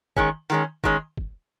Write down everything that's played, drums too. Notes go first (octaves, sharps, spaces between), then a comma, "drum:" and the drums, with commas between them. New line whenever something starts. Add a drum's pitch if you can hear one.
D#3 G#3 C#4, drum: kick
D#3 G#3 C#4, drum: hi-hat
D#3 G#3 C#4, drum: kick
drum: kick